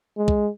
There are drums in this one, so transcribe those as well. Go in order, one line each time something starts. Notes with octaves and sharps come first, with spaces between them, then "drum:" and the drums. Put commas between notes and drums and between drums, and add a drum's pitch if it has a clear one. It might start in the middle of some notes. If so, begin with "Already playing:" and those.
G#3
drum: kick